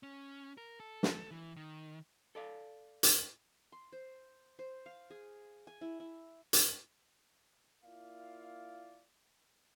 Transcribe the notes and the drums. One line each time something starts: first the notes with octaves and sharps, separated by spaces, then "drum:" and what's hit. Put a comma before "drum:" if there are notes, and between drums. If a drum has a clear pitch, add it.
C#4
A#4
A4
drum: snare
E3
D#3
A4 D5 F5
drum: hi-hat
C6
C5
C5
F5
G#4
G#5
E4
E4
drum: hi-hat
A#3 E4 F4 D5 F5